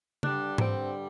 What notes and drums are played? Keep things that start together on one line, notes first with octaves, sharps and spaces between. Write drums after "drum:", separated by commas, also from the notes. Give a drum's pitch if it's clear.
G2 D3 G3 D4, drum: tom C#3
C4, drum: tom G#2